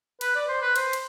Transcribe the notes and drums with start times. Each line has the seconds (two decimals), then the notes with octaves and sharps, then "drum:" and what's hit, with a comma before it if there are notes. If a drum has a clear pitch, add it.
0.21 B4, drum: cymbal
0.35 D5
0.48 C5
0.61 B4
0.76 C5, drum: cymbal
0.93 drum: cymbal